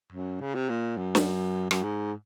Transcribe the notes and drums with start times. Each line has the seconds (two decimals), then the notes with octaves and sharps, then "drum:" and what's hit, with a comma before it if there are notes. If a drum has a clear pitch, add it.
0.13 F#2
0.41 C#3
0.55 C3
0.69 A#2
0.97 F#2
1.15 drum: snare
1.71 F#2, drum: rim click
1.83 G#2